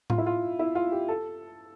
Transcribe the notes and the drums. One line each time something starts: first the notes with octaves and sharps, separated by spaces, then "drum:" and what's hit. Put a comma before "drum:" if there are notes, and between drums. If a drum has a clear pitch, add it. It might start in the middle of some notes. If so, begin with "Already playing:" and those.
F4, drum: tom A2
E4
F4
E4
F4
G4
A4